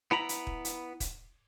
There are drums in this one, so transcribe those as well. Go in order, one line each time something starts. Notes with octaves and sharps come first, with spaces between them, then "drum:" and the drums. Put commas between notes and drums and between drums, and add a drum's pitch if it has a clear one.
B3 E4 A#5 B5
drum: hi-hat
drum: kick
drum: hi-hat
drum: kick, hi-hat